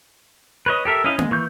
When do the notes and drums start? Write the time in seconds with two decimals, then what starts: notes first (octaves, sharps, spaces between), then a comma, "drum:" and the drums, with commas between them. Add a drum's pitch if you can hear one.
0.66 B4 C#5 D#5
0.85 G4 A4 A#4 E5
1.04 C#4 D#4 E4 D#5 F5
1.19 G#3, drum: tom A#3
1.31 E3 C#6 G6